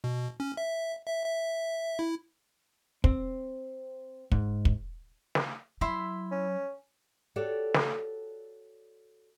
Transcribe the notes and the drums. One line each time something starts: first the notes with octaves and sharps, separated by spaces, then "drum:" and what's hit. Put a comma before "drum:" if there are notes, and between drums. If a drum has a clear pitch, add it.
B2
C#4
E5
E5
E5
E4
C4, drum: kick
G#2, drum: kick
drum: kick
drum: snare
F#3 E4 E5 C6
C#4
F#4 G4 A4 C#5 D5
drum: snare